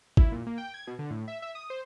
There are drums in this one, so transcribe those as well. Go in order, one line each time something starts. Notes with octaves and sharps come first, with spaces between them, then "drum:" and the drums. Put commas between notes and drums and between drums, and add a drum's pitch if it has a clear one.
E4, drum: kick G#1
A#2
A#3
G5
G#6
B2
D3
A2
E5
E5
D#6
C5